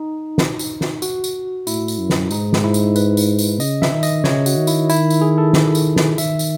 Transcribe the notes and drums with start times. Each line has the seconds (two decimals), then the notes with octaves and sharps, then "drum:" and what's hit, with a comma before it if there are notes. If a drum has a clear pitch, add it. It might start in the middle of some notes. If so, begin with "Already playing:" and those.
Already playing: D#4
0.38 drum: snare
0.59 drum: tambourine
0.81 drum: snare
1.02 F#4, drum: tambourine
1.24 drum: tambourine
1.67 A2 E4, drum: tambourine
1.88 drum: tambourine
1.99 F#2
2.10 drum: snare
2.31 G#2 D#4, drum: tambourine
2.53 drum: snare
2.64 E4
2.74 drum: tambourine
2.96 B4, drum: tambourine
3.17 drum: tambourine
3.39 drum: tambourine
3.60 C#3 D#5, drum: tambourine
3.82 E5, drum: snare
3.92 D#3
4.03 D#5, drum: tambourine
4.24 C#3 C#5, drum: snare
4.46 F#4, drum: tambourine
4.57 D#3
4.67 E4, drum: tambourine
4.89 E4, drum: tambourine
5.10 drum: tambourine
5.21 G#4
5.38 A4
5.53 drum: snare
5.75 drum: tambourine
5.96 drum: snare
6.18 D#3 E5, drum: tambourine
6.39 drum: tambourine